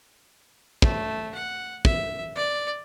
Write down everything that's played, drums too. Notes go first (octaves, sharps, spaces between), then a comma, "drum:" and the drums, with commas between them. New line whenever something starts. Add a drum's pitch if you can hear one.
A3, drum: kick
F#5
E5, drum: kick
D5